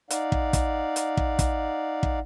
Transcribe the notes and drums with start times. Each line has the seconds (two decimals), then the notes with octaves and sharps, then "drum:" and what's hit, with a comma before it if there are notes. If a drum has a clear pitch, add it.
0.11 D#4 D5 F5 F#5, drum: hi-hat
0.32 drum: kick
0.53 drum: kick, hi-hat
0.96 drum: hi-hat
1.17 drum: kick
1.39 drum: kick, hi-hat
2.03 drum: kick